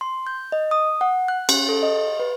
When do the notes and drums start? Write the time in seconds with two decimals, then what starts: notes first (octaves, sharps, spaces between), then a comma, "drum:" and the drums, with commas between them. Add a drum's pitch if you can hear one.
0.01 C6
0.27 G6
0.52 D#5
0.71 D#6
1.01 F#5
1.28 F#6
1.49 C#4, drum: cymbal
1.69 A4
1.83 D#5
2.20 B4